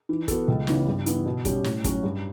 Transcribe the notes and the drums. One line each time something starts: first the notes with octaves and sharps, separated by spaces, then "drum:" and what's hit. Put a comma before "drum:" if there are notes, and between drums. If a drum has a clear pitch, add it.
E3
B3 F#4 A4, drum: kick, hi-hat
C#2
C#3 E3 B3, drum: snare
G2
E3 B3 E4, drum: hi-hat
B2
G3 C#4 G4, drum: kick, hi-hat
A2, drum: snare
F#3 C#4 F#4 C#5, drum: kick, hi-hat
G2